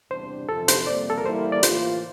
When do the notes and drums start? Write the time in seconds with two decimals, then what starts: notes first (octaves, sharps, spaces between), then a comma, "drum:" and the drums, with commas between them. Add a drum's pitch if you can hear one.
0.11 E2 C3 G3 D4 C5
0.49 F2 C3 F3 A4
0.68 C5, drum: hi-hat
0.87 F2 C3 G3 A#3 D5
1.10 A4
1.18 A#4
1.25 G3 A#3 E4 C5
1.52 D5
1.63 A2 E3 A#3 F4 C5, drum: hi-hat